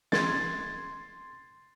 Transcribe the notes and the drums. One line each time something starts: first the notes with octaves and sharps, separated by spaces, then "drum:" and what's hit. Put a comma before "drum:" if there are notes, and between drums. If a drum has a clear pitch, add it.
C6 G#6 A6, drum: snare